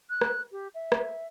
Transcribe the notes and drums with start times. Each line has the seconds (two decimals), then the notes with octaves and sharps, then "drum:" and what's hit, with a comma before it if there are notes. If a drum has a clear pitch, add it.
0.10 F#6
0.21 drum: rim click
0.51 G4
0.74 E5
0.92 drum: rim click